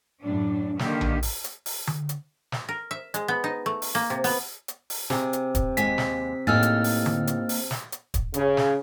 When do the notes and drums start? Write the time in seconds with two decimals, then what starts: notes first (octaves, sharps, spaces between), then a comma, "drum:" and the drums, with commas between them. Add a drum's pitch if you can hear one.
0.24 F#2 A2 D4
0.79 D3 D#3 A#3 G4, drum: snare
1.01 drum: tom A#1
1.23 drum: open hi-hat
1.44 drum: hi-hat
1.66 drum: open hi-hat
1.87 drum: tom D3
2.09 drum: hi-hat
2.52 drum: snare
2.69 A#4
2.91 E5
3.14 G#3, drum: hi-hat
3.28 B3
3.44 D#4
3.66 A3
3.82 drum: open hi-hat
3.95 A#3
4.10 C3
4.24 B3, drum: open hi-hat
4.68 drum: hi-hat
4.90 drum: open hi-hat
5.10 C3 G#4, drum: snare
5.33 drum: hi-hat
5.55 drum: kick, hi-hat
5.77 D#2 G#3 G#5 B6, drum: hi-hat
5.98 drum: snare
6.47 A2 A#3 D#4 G4 G#4 E6 F6 A6
6.63 drum: hi-hat
6.84 drum: open hi-hat
7.06 drum: tom D3
7.27 drum: hi-hat
7.49 drum: open hi-hat
7.71 drum: snare
7.92 drum: hi-hat
8.14 drum: kick, hi-hat
8.34 C#3, drum: hi-hat
8.57 drum: snare